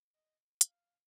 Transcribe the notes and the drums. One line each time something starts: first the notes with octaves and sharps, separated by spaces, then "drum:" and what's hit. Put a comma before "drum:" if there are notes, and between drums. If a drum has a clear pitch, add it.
D#5
F5, drum: hi-hat